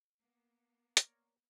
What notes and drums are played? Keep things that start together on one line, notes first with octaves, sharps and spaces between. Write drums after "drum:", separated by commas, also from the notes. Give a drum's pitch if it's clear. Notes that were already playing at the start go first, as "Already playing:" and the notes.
A#3 B3
A#4 C#5 D5, drum: hi-hat